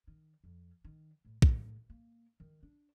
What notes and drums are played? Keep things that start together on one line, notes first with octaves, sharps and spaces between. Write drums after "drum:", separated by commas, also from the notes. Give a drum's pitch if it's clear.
D#3
F2
D#3
A2
A2, drum: kick
A#3
D#3
D4